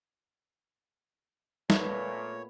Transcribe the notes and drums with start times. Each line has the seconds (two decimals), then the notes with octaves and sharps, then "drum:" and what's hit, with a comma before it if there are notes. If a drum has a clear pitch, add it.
1.70 A#2 A3 B3 C#5, drum: snare